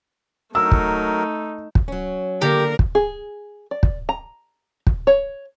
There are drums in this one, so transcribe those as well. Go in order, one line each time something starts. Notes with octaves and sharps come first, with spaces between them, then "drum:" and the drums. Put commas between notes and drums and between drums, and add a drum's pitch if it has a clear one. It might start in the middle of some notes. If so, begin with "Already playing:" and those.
F#3 A3 D#4 A#4 E6
drum: kick
drum: kick
F#3 C#4
D3 A#3 D4 G4 A#4
drum: kick
G#4
D5
drum: kick
A#5
drum: kick
C#5